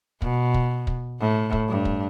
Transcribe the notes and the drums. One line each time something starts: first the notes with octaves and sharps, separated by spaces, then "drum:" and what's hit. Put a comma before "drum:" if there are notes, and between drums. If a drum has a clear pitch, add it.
B2, drum: kick
drum: kick
drum: kick
A2
drum: kick
G2
drum: kick